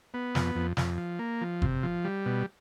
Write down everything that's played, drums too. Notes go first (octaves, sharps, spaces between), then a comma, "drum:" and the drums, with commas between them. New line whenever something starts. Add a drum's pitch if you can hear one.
B3
F2, drum: snare
F2
F2, drum: snare
F3
A#3
F3
C3, drum: kick F#1
F3
G3
B2